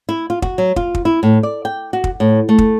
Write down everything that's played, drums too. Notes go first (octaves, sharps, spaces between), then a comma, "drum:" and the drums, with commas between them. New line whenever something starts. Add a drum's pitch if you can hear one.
E4
F4
F#4, drum: kick
F#3
F4, drum: kick
drum: kick
E4
A2
D5
G5
F#4
drum: kick
A2
A3
drum: kick